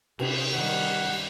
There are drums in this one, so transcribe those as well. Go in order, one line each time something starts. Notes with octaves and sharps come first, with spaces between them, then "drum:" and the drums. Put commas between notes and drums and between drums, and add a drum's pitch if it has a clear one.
C3, drum: cymbal
D#3 G3 F#5